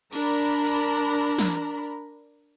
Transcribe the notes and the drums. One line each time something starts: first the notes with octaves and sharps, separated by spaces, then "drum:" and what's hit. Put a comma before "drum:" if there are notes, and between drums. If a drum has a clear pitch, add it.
D4 A#4 A#5 B5, drum: cymbal
drum: open hi-hat
drum: snare